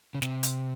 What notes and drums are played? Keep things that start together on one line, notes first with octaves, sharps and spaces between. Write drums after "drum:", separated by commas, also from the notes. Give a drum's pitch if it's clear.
C#3
C3, drum: snare
drum: hi-hat